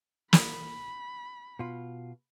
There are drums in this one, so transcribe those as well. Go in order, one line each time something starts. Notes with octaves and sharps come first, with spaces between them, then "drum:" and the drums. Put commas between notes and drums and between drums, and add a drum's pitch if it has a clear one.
B5, drum: snare
B2 F4